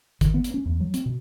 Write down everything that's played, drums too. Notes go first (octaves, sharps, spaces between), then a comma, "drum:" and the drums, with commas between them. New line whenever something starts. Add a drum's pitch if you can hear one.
D#3, drum: kick G1, hi-hat
B3
drum: hi-hat
C#4
E2
F#3
C4, drum: hi-hat
B2